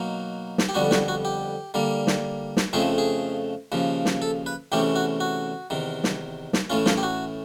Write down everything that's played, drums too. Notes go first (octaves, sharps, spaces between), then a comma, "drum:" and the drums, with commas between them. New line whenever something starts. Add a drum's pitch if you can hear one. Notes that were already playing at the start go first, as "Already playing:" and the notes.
Already playing: B2 F#3 A#3 D#4
drum: snare
G4
F2 D3 G3 B3 F#4
F#4, drum: snare
F#4
G4
D3 G3 A#3
drum: snare
drum: snare
F2 C#3 F3 A3 C4 G#4
G#4
D#2 C#3 F3
drum: snare
A4
B4
E2 C3 E3 A3 C#4 G4
F#4
F#4
E2 C3 D#3
drum: snare
drum: snare
A2 E3 A3 C#4 F4
F4, drum: snare
G4
F#4